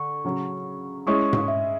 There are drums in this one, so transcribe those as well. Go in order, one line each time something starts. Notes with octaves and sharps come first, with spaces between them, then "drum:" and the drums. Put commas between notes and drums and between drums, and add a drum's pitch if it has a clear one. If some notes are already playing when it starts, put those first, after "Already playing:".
Already playing: D3 C#6
C#3 F#3 C#4
G#3 C#4 E4 C#6
drum: tom G#2
E5